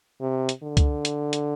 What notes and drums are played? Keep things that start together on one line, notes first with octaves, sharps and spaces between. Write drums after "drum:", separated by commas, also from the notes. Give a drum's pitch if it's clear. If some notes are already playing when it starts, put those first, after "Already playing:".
C3
drum: hi-hat
D3
drum: kick C#2, hi-hat
drum: hi-hat
drum: hi-hat